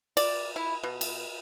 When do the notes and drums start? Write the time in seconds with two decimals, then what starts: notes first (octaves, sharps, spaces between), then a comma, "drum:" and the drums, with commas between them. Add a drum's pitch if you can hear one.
0.17 D5, drum: cymbal
0.56 E4
0.83 B2
1.01 drum: cymbal